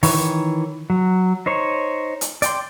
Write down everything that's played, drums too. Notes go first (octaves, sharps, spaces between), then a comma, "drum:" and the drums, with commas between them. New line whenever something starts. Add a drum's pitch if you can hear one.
D#3 E3 C#5, drum: open hi-hat
F#3
D#4 C5 C#5
drum: hi-hat
D5 G5 C6, drum: hi-hat